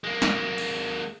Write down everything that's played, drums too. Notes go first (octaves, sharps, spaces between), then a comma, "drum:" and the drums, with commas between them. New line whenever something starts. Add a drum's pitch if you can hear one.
G#3 A#3
drum: snare
drum: cymbal